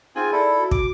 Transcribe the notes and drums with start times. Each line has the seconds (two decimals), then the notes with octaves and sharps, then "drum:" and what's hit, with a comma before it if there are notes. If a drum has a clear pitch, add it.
0.16 C4 D#4 F4 G#4 G5 G#5
0.32 E4 A4 D5
0.58 F#4
0.71 D6, drum: kick